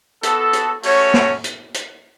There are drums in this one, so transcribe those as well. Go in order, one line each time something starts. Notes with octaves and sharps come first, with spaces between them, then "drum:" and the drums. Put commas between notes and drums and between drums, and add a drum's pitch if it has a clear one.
B3 F#4 A4, drum: hi-hat
drum: hi-hat
A3 C#4 F#4 C#5, drum: open hi-hat
drum: snare
drum: hi-hat
drum: hi-hat